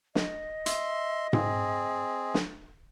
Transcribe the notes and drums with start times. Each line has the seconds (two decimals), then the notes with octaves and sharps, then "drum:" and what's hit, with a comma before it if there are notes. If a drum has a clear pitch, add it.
0.15 D#5, drum: snare
0.66 E5 C6, drum: hi-hat
1.33 C4 G#4, drum: tom G#2
2.34 drum: snare